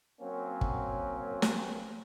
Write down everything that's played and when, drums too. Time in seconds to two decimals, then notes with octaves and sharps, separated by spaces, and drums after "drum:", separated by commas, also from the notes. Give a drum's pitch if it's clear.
0.21 F#3 A#3 C4 C#4
0.61 drum: kick
1.42 drum: snare